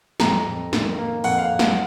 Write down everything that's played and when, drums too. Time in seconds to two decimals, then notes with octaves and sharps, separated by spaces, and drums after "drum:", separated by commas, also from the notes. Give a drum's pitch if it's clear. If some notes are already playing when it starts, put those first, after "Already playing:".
0.20 F2 A#5, drum: snare
0.46 F2
0.73 D#3, drum: snare
0.98 A#3
1.24 F2 F#5, drum: open hi-hat
1.38 F5
1.59 drum: snare